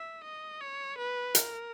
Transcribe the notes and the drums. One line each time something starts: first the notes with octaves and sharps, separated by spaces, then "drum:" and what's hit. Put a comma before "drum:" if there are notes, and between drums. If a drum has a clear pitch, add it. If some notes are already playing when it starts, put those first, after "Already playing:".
Already playing: E5
D#5
C#5
B4
A#4, drum: hi-hat